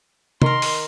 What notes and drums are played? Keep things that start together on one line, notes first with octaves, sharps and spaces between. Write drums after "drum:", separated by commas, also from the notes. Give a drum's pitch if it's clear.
D#3 A#4 C6, drum: tom
drum: open hi-hat